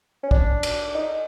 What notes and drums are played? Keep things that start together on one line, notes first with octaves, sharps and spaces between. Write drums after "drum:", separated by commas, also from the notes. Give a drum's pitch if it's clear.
C#4
D4, drum: kick
drum: cymbal
D#4